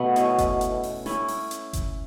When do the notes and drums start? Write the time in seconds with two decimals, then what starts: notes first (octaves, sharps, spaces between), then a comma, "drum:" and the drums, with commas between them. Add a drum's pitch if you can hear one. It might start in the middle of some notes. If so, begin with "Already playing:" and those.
Already playing: B2 A3 B3
0.16 C#4 E4, drum: hi-hat
0.38 drum: kick F#1, hi-hat
0.61 drum: hi-hat
0.83 drum: open hi-hat
1.06 C#4 E4, drum: snare
1.28 drum: open hi-hat
1.51 drum: hi-hat
1.73 drum: kick F#1, hi-hat